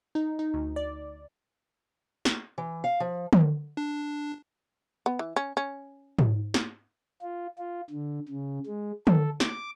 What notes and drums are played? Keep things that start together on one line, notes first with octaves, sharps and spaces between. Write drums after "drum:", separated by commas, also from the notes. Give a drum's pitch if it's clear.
D#4
D#4
D2
D5
drum: snare
E3
F5
F3
drum: tom
D4
B3
E3
C#4
C#4
drum: tom G#2
drum: snare
F4
F4
D3
C#3
G#3
A4, drum: tom
D6, drum: snare